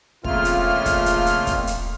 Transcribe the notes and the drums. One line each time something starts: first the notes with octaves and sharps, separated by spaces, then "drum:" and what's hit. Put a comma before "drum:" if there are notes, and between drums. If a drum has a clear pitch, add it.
F2 C#3 A3 A#3 F4 F6, drum: kick
drum: hi-hat
drum: kick, hi-hat
drum: hi-hat
drum: hi-hat
drum: kick, hi-hat
drum: hi-hat